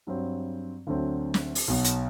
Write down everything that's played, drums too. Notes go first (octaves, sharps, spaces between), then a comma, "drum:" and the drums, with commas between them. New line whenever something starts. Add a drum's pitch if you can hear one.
G2 F#3 C4
D2 D3 F#3 C4
drum: snare
drum: open hi-hat
B1 B2 F#3
drum: hi-hat